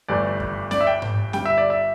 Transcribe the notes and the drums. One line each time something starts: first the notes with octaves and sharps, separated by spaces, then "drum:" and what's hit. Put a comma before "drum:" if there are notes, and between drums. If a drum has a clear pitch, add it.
G1 G2 E3 A3 D5
drum: kick F#2
D5, drum: snare C#4
E5
G5
drum: tom G#2
G1 G2 G3 G5, drum: snare C#4
E5
D5
E5